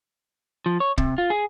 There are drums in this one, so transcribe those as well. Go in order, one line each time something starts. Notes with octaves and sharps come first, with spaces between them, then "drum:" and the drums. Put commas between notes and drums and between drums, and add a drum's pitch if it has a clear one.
F3
C#5
C3, drum: kick
F4
G#4